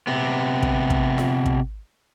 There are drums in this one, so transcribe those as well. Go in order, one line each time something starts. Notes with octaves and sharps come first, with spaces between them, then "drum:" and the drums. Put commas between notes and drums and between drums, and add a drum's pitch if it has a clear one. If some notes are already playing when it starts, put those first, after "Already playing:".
C3 B3
drum: kick
drum: kick
drum: snare F4
drum: kick